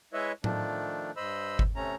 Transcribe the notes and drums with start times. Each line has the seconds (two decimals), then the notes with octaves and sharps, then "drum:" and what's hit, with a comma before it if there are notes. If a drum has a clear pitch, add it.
0.13 G#3 E4 B4 C#5 D#5 E5
0.44 D#3 F3 A3 D4, drum: tom
1.17 G2 C5 D#5 B5 E6
1.59 drum: kick G1
1.76 C3 A3 C#4 A#5